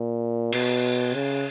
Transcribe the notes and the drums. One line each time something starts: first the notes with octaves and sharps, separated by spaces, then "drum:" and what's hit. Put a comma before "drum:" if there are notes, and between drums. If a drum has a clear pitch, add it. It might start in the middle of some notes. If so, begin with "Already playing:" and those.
Already playing: A#2
B2, drum: cymbal
C#3